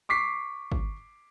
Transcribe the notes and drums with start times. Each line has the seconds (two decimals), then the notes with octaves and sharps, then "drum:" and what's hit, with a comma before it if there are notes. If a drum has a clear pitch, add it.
0.09 C#6 D6 B6 C7
0.72 drum: kick